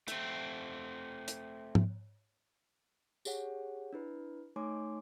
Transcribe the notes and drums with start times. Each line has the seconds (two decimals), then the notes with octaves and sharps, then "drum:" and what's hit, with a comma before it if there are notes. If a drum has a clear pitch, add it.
0.08 A3 C4, drum: hi-hat
1.28 drum: hi-hat
1.75 drum: tom G#2
3.25 G4 G#4 C#5 F#5, drum: tambourine
3.93 D4 E4 B4
4.56 A3 D#4 C#5 G#5 C6 D6